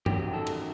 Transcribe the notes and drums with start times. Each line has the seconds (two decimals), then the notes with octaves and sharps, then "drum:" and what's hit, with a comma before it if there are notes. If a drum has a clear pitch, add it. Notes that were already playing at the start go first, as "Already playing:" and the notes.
0.06 F#2 D#3 F#3 G4, drum: tom G2
0.33 A4
0.47 drum: cymbal